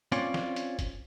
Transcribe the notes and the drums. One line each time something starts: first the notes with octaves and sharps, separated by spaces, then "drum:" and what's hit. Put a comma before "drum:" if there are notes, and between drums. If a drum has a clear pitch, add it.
C4 C#4 F4 C#5 D5, drum: hi-hat
drum: snare
drum: hi-hat
drum: kick, hi-hat